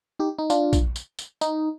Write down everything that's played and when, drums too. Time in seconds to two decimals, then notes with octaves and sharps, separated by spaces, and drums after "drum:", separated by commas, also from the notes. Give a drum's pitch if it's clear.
0.19 D#4 G4
0.39 D#4
0.50 D4 F4, drum: tambourine
0.73 drum: kick, tambourine
0.96 drum: tambourine
1.19 drum: tambourine
1.41 D#4, drum: tambourine